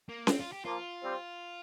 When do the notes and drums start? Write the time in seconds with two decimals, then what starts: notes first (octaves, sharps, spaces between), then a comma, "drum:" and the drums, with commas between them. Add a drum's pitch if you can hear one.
0.09 A#3
0.27 C4, drum: snare C#4
0.39 F4
0.52 G4
0.64 F3 A#3 F4
1.02 G3 C4